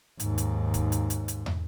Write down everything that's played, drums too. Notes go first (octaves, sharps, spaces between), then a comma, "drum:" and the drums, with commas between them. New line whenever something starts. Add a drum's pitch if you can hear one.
D#2 G#2, drum: hi-hat
drum: hi-hat
drum: kick, hi-hat
drum: hi-hat
drum: hi-hat
drum: hi-hat
drum: tom